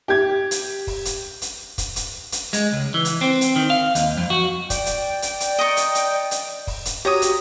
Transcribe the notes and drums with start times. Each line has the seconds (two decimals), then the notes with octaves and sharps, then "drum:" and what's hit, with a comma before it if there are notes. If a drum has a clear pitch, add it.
0.08 G4 G#6
0.51 drum: hi-hat
0.87 drum: kick, open hi-hat
1.05 drum: hi-hat
1.42 drum: hi-hat
1.78 drum: kick, hi-hat
1.96 drum: hi-hat
2.32 drum: hi-hat
2.53 G#3, drum: hi-hat
2.73 C#2
2.94 E3
3.05 drum: hi-hat
3.21 C4
3.41 drum: hi-hat
3.56 D#3
3.70 F5
3.95 D#2, drum: hi-hat
4.18 F2
4.30 F#4
4.70 D5 G5, drum: kick, hi-hat
4.86 drum: hi-hat
5.22 drum: hi-hat
5.40 drum: hi-hat
5.59 D#5 A#5 C#6
5.77 drum: hi-hat
5.95 drum: hi-hat
6.31 drum: hi-hat
6.67 drum: kick, open hi-hat
6.85 drum: hi-hat
7.05 F#4 G4 C#5 A#5 D#6
7.22 drum: hi-hat